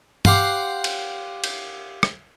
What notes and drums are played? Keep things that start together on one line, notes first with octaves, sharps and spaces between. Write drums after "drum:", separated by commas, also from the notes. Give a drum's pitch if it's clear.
G4 C5 F5 F#5, drum: tom
drum: cymbal
drum: cymbal
drum: rim click